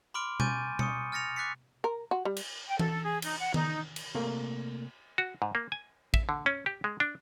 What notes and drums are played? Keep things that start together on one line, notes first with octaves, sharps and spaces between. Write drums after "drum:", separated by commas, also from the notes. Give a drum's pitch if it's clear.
B5 C6 D6 F6 D7
G#5 C#6 D6 G6 A6 D#7, drum: tom B2
C#6 D#6 C#7, drum: tom B2
F6 A6 A#6 C#7 F7
D6 F#6 A6 B6 C#7
A#4
F#4
G3
drum: cymbal
G5
A4, drum: tom E3
G#4
D#4, drum: cymbal
F#5
D#4, drum: tom D#3
drum: cymbal
C3 A3 A#3
F#4
G#2
A#3
G#5
E5, drum: kick
D3
C#4
G4
G#3
D4